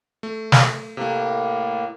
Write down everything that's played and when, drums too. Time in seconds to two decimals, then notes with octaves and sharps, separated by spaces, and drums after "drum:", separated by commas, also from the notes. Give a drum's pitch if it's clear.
0.23 A3
0.52 drum: snare
0.97 A2 C3 A3 A#3